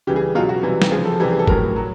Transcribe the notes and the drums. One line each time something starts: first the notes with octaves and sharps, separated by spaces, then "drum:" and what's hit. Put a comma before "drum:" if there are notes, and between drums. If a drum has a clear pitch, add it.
C#3 E3 G3 G4
G#4
B2 F#3 F4
F#4
C3 E3 G3
G4, drum: snare
C#3 F3 G#4
A4
C3 E3 G3 G4
G#4
A4
A2 F#3 A#4, drum: kick G1
F#3